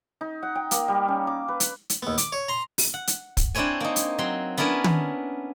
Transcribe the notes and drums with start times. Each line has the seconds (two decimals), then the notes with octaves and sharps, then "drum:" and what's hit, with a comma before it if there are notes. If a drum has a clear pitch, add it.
0.21 D#4
0.43 F#5
0.55 G5
0.71 A#3, drum: hi-hat
0.88 G3
1.08 C#4
1.27 D6
1.48 B4
1.60 drum: hi-hat
1.90 drum: hi-hat
2.03 D#2 B3
2.18 D6, drum: hi-hat
2.32 C#5
2.48 A#5 C6
2.78 drum: open hi-hat
2.94 F#5
3.07 drum: hi-hat
3.37 drum: kick, hi-hat
3.55 C4 D4 E4 C5 C#5 G#5
3.80 A#3 D#4
3.96 drum: hi-hat
4.18 F#3 C4 C6
4.58 B3 C#4 D4 E4 A#4
4.84 drum: tom